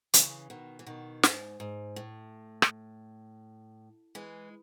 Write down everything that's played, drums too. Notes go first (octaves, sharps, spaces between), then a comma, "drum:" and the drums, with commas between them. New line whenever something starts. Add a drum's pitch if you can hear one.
C#3 E3, drum: hi-hat
B2 D#3
E3
B2 D#3
G#2, drum: snare
G#2
A2
drum: rim click
E3 G#3